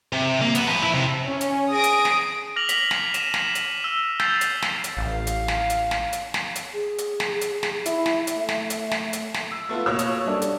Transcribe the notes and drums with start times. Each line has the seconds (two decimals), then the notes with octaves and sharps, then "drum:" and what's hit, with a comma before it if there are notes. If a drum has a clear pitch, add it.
0.13 C3
0.41 A#3
0.55 B3 F#5, drum: hi-hat
0.67 F3 B4
0.82 E4
0.94 C3
1.24 C#4
1.41 drum: hi-hat
1.70 G#4 D#6 A#6 D7
1.84 drum: hi-hat
2.05 drum: snare
2.33 D7
2.56 D6 F6 A#6 F7 F#7
2.69 B6 F#7, drum: hi-hat
2.91 drum: snare
3.14 B6 D#7 E7, drum: hi-hat
3.34 drum: snare
3.55 drum: hi-hat
3.84 E6
4.20 E6 G6 A6 B6 C7 F7, drum: snare
4.41 drum: hi-hat
4.62 drum: snare
4.84 drum: hi-hat
4.97 A1 F5
5.27 drum: hi-hat
5.48 drum: snare
5.70 drum: hi-hat
5.91 drum: snare
6.13 drum: hi-hat
6.34 drum: snare
6.55 drum: hi-hat
6.73 G#4
6.98 drum: hi-hat
7.20 drum: snare
7.41 drum: hi-hat
7.63 drum: snare
7.86 E4 E5, drum: hi-hat
8.06 drum: snare
8.27 drum: hi-hat
8.37 A3
8.49 drum: snare
8.70 drum: hi-hat
8.91 drum: snare
9.13 drum: hi-hat
9.34 drum: snare
9.51 E6
9.69 A3 B3 F4
9.86 B2 A#3 C#5 E6
9.99 drum: hi-hat
10.26 G3 D4 A4
10.42 drum: hi-hat